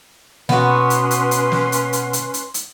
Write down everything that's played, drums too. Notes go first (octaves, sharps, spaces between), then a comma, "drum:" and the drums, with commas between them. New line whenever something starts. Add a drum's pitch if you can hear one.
B2 B3 C#4 F#4 B4 C6, drum: snare
drum: hi-hat
drum: hi-hat
drum: hi-hat
drum: snare
drum: hi-hat
drum: hi-hat
drum: hi-hat
drum: hi-hat
drum: hi-hat